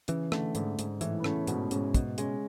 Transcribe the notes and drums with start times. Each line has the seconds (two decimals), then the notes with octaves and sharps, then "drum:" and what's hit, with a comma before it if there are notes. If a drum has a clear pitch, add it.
0.08 C#3 E3, drum: hi-hat
0.32 D3 A3, drum: rim click
0.55 G#2 D3, drum: hi-hat
0.79 G#2, drum: hi-hat
1.01 A2 E3 A3, drum: hi-hat
1.20 B3
1.24 C#3 A3 C#4, drum: rim click
1.47 G#2 B2 B3, drum: hi-hat
1.71 G#2 C#3 C#4, drum: hi-hat
1.94 B2, drum: kick, hi-hat
2.18 C#3 G#3 C#4, drum: hi-hat